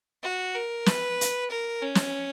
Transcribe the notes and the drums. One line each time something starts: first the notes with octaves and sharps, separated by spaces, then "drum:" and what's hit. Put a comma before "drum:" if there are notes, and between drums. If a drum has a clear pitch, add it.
F#4
A#4
B4, drum: snare
drum: hi-hat
A#4
C#4
drum: snare